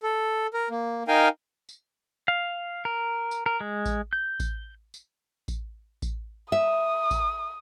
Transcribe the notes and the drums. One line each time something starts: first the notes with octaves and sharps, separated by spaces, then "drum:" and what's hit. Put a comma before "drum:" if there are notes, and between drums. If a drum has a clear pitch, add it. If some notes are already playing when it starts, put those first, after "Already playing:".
A4
A#4
A#3
D#4 A#4 F5 G5 G#5
drum: tambourine
F5
A#4
drum: tambourine
A#4
G#3
drum: kick A1, tambourine
G6
drum: kick A1, tambourine
drum: tambourine
drum: kick A1, tambourine
drum: kick A1, tambourine
E5 D#6
drum: kick A1, tambourine